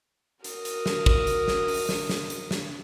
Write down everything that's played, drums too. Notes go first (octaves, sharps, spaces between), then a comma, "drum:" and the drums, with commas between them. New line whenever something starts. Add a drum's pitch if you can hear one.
F#4 A#4 D#6, drum: hi-hat
drum: hi-hat
drum: snare
drum: kick
drum: hi-hat
drum: snare
drum: open hi-hat
drum: snare
drum: snare
drum: hi-hat
drum: snare